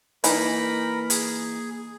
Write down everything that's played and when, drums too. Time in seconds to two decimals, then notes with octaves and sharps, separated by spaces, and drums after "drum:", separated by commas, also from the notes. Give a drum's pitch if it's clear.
0.24 E3 A#3 D#4 A#4 B5, drum: hi-hat
1.10 G#4, drum: hi-hat